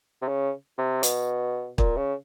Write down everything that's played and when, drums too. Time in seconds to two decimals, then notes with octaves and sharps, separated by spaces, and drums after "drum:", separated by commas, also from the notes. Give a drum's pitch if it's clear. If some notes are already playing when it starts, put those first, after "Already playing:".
0.22 C3
0.28 C#3
0.78 C3
1.03 B2, drum: hi-hat
1.78 A#2, drum: kick
1.97 C#3